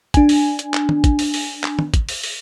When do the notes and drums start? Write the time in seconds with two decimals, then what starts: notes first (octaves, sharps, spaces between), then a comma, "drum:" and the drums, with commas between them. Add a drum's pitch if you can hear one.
0.14 D4 G#5, drum: kick, hi-hat
0.29 drum: open hi-hat
0.59 drum: hi-hat
0.74 drum: clap
0.89 drum: tom
1.04 drum: kick, hi-hat
1.19 drum: open hi-hat
1.34 drum: open hi-hat
1.64 drum: clap
1.79 drum: tom
1.94 drum: kick, hi-hat
2.09 drum: open hi-hat
2.23 drum: open hi-hat